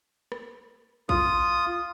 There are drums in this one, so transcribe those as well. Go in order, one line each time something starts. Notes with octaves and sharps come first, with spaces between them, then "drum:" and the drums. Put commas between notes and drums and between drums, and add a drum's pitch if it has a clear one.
drum: rim click
F4 D#6, drum: kick